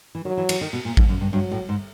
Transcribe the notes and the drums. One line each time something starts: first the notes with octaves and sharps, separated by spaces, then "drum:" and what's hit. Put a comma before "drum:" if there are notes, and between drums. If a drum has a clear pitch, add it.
E3
D#3 F#3
E3
E3, drum: cymbal
D#3
B2
A#2
G#2, drum: kick A1
F#2
G2
G2 F#3
A2
G#2